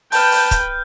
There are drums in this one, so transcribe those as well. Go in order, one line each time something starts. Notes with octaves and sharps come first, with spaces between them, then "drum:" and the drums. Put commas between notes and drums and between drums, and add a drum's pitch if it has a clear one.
B4 G5 A5 F6 G6, drum: open hi-hat
drum: open hi-hat
drum: kick, hi-hat